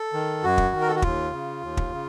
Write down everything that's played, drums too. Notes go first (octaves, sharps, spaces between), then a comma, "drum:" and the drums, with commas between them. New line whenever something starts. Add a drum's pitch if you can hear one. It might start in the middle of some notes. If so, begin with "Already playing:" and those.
Already playing: A4
D#3
F#2 F#4
drum: kick
D#3
A#4
A4
F#4
D#2 F4, drum: kick
C#3
D#2
drum: kick
C#3